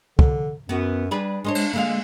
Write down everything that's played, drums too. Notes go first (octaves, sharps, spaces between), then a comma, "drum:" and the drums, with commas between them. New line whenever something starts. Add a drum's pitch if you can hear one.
D3, drum: kick
F#2 B3 F#4
G3 D4 G#4 B4
G#3 D4 C5 C#5
drum: cymbal
D3 G#3 A#3 F5